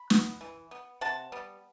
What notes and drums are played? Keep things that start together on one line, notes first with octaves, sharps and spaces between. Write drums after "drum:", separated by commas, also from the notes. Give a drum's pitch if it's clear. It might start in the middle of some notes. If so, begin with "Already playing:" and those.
Already playing: B5
B3, drum: snare
E3
B3
C3 F#5 A5
G3 B3